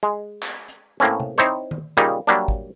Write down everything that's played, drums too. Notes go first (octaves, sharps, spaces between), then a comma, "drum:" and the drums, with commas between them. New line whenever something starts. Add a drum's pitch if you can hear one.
G#3
drum: clap
drum: hi-hat
A2 A#3 C4 C#4
drum: tom C3
C4 D#4 E4 C5 C#5
drum: tom D#3
A#2 C#3 G3 A#3 D#4
F#3 G3 A#3 D4
drum: kick